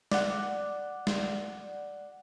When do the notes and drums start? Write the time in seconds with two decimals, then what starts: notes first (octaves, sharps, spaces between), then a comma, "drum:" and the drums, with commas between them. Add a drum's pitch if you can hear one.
0.11 D5 F#5, drum: snare
1.07 drum: snare